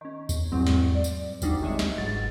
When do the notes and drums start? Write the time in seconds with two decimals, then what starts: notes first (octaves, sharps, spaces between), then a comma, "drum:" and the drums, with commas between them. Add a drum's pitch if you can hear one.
0.01 D#3 C#4
0.29 drum: kick D#2, tambourine
0.52 E2 G#2 F#3 C4
0.67 drum: snare
0.95 D5
1.04 drum: tambourine
1.42 G#1 D2 F#3 G3 D4 D#4, drum: kick D#2, tambourine
1.62 C2 D#3 G#3 C#5 D#5 E5
1.79 drum: snare
1.98 G1 G#2 F#3 A6